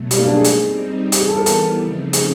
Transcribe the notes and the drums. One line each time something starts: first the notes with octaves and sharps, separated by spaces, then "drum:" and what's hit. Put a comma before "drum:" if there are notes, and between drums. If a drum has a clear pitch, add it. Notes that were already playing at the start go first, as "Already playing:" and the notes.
Already playing: B2 F#3 A3
G3, drum: hi-hat
A#3
D4
G#4
G3 C4 D#4, drum: hi-hat
E3 G3 B3 G4, drum: hi-hat
G#4
A4
A#4
A4, drum: hi-hat
C#3 F3 A3 C4 D#4
G#4, drum: hi-hat